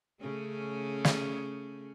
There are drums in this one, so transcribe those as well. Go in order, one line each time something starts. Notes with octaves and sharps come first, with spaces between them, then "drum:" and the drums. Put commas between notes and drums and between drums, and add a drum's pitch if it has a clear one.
C#3 A3 C#4
drum: snare